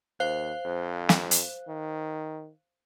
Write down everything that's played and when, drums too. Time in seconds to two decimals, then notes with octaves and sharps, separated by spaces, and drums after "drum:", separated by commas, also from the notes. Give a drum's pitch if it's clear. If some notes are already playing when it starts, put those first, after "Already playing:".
0.20 D#2 C5 F5 F#6
0.65 F2
1.09 drum: snare
1.31 drum: hi-hat
1.68 D#3